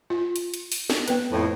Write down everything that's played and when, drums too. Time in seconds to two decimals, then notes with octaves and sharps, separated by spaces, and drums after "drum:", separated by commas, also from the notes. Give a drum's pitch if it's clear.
0.10 F4
0.36 drum: hi-hat
0.54 drum: hi-hat
0.72 drum: open hi-hat
0.90 drum: snare
1.08 B3 B4, drum: hi-hat
1.32 F2 A2